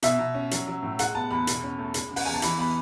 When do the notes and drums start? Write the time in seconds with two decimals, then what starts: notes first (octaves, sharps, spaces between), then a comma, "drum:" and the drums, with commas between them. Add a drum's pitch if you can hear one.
0.03 B2 E5, drum: hi-hat
0.19 B2
0.34 C#4
0.51 F#3, drum: hi-hat
0.67 F#3
0.83 A2
0.99 G#3 F#5, drum: hi-hat
1.15 B3 A5
1.30 E2 B5
1.47 B2, drum: hi-hat
1.63 C#4
1.78 A3
1.94 G#3, drum: hi-hat
2.11 C#3
2.16 F#5, drum: open hi-hat
2.25 E2 G#5
2.34 A5
2.42 E3 B5, drum: hi-hat
2.58 B3 B5